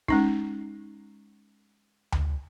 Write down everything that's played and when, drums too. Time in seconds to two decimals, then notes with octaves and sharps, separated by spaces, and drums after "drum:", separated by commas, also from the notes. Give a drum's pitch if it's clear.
0.08 G#3 C#4 D#4, drum: kick
2.12 drum: tom D2